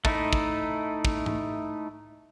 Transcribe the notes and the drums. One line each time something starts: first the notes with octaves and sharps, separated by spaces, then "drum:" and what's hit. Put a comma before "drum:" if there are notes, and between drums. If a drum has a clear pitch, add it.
A3 D#4 E4, drum: kick
drum: kick
drum: kick
drum: tom G#2